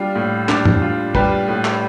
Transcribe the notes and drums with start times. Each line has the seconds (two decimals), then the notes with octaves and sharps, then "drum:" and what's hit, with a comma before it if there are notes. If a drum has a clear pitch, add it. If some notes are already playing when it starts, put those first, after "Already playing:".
Already playing: G3 D4 F4
0.16 A2
0.49 D4, drum: clap
0.65 drum: tom
0.82 F4
1.15 G3 B4, drum: kick
1.48 A2
1.65 drum: clap